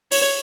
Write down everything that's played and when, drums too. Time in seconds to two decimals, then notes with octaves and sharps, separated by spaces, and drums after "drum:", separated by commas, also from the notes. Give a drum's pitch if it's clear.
0.11 C#5, drum: open hi-hat